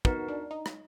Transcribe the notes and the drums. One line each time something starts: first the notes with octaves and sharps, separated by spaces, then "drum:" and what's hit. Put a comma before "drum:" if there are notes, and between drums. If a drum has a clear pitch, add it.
B3 D#4 F#4 A#4, drum: kick
D4
D#4
drum: rim click